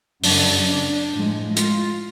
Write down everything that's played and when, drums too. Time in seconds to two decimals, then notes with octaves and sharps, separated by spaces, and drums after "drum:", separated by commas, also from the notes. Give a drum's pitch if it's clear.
0.24 F#2 C#3 F#3 D4, drum: open hi-hat
0.69 D4
1.13 A2 F3 G#3
1.57 F4, drum: hi-hat